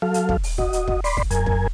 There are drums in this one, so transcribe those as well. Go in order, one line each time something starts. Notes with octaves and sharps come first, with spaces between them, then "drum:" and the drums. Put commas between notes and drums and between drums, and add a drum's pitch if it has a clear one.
F#3 A4 F5
drum: hi-hat
drum: kick
drum: open hi-hat
F#4 D#5, drum: kick
drum: hi-hat
drum: kick
D5 B5 C6, drum: open hi-hat
drum: kick
F#2 A#4 G#5, drum: hi-hat
drum: kick